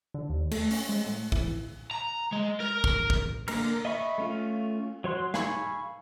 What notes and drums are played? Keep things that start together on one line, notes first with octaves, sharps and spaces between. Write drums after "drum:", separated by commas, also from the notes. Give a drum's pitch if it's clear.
D3
D#2
A3, drum: cymbal
C#4, drum: open hi-hat
G#3
A2
E3, drum: kick
A#5
G#3
A#4
drum: kick
drum: kick
D3 A#3 A#4 A#5 F6, drum: cymbal
D#5 E5 B5 C#6
A3 C#4 F4
F#3 C#5 C6 F#6
F5 G#5 B5 C#6 E6, drum: snare